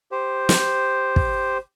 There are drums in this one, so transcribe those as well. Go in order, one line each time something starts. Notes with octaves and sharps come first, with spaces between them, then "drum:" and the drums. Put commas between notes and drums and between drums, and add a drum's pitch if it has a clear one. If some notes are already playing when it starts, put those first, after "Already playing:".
G4 C5
drum: snare
drum: kick